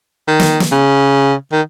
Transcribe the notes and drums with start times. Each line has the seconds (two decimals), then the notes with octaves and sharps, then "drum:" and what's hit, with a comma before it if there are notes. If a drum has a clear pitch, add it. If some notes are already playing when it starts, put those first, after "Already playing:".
0.28 D#3
0.40 drum: snare
0.60 drum: snare
0.72 C#3
1.52 D#3